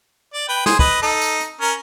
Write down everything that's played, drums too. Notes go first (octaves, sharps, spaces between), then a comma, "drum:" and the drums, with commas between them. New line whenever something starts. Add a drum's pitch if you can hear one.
D5
B4 G5
G#4 C5, drum: snare
B4 D#5, drum: kick
D#4 A4
drum: tambourine
drum: hi-hat
C#4 A#4